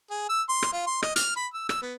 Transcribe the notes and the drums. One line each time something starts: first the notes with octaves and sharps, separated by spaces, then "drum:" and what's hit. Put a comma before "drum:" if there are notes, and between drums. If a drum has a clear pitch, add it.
G#4
E6
C6
drum: rim click
F4
C6
D#5, drum: rim click
F6, drum: hi-hat
B5
E6
E6, drum: rim click
B3